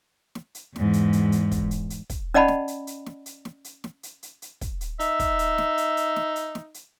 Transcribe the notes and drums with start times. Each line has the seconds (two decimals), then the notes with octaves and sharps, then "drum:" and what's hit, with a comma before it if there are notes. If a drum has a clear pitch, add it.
0.35 drum: snare
0.55 drum: hi-hat
0.76 E2 G#2, drum: snare
0.93 drum: hi-hat
1.13 drum: hi-hat
1.32 drum: hi-hat
1.51 drum: kick, hi-hat
1.71 drum: hi-hat
1.90 drum: hi-hat
2.10 drum: kick, hi-hat
2.34 C#4 D5 D#5 F#5 A5 B5
2.48 drum: snare
2.68 drum: hi-hat
2.87 drum: hi-hat
3.06 drum: snare
3.26 drum: hi-hat
3.45 drum: snare
3.64 drum: hi-hat
3.84 drum: snare
4.03 drum: hi-hat
4.23 drum: hi-hat
4.42 drum: hi-hat
4.61 drum: kick, hi-hat
4.81 drum: hi-hat
5.00 D#4 E5, drum: hi-hat
5.19 drum: kick, hi-hat
5.39 drum: hi-hat
5.58 drum: snare
5.78 drum: hi-hat
5.97 drum: hi-hat
6.16 drum: snare
6.36 drum: hi-hat
6.55 drum: snare
6.74 drum: hi-hat